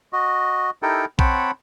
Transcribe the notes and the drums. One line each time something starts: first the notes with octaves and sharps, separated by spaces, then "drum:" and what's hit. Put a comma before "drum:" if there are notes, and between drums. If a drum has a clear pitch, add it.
F#4 D#5
D#4 E4 G4 A4 A#4 G5
C4 C#5 F#5 G5 A5 B5, drum: kick A#1